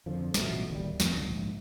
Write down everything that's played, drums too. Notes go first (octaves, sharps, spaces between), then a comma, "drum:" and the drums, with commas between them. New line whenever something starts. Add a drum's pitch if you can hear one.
F2 G#2 D3 F3
A1 B2 F#3 A3, drum: snare
D1 D#2 G3
F2 F3 B3 D4, drum: snare
C#2 D3
A#1 G#2